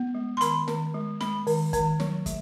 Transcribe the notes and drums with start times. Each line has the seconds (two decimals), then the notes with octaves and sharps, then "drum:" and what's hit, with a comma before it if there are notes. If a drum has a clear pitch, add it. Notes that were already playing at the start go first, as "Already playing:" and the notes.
Already playing: B3
0.15 G#3
0.37 C6
0.41 D#3 B5, drum: hi-hat
0.68 D#3, drum: snare
0.94 G#3
1.21 G#3 B5, drum: snare
1.47 D#3, drum: open hi-hat
1.73 D#3, drum: kick, hi-hat
2.00 F#3, drum: snare
2.26 A3, drum: kick, hi-hat